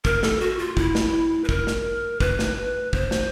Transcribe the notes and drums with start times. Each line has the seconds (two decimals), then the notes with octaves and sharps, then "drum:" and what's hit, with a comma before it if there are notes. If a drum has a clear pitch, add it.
0.05 A#4, drum: kick
0.23 A4, drum: snare
0.40 F#4
0.59 F4
0.77 E4, drum: kick
0.95 drum: snare
1.44 B4
1.49 A#4, drum: kick
1.67 drum: snare
2.20 B4, drum: kick
2.39 drum: snare
2.93 C5, drum: kick
3.11 drum: snare